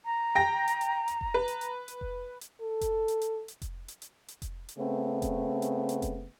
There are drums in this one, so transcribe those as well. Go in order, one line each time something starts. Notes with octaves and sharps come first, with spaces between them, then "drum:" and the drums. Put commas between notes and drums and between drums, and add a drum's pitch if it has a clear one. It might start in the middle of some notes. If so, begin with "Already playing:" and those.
A#5
G5 A#6
drum: hi-hat
drum: hi-hat
drum: hi-hat
drum: kick F1
B4
drum: hi-hat
drum: hi-hat
drum: hi-hat
drum: kick F1
drum: hi-hat
A4
drum: kick F1, hi-hat
drum: hi-hat
drum: hi-hat
drum: hi-hat
drum: kick F1, hi-hat
drum: hi-hat
drum: hi-hat
drum: hi-hat
drum: kick F1, hi-hat
drum: hi-hat
C#3 A3 B3 C4
drum: kick F1, hi-hat
drum: hi-hat
drum: hi-hat
drum: kick F1, hi-hat